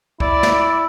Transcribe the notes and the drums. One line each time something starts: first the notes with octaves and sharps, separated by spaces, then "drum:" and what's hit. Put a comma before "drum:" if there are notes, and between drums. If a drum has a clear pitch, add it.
E4 D5, drum: kick
drum: snare